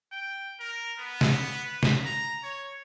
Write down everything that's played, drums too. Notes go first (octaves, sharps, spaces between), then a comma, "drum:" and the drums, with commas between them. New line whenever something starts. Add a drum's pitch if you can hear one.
G5
A#4
B3
drum: snare
B4
drum: snare
A#5
C#5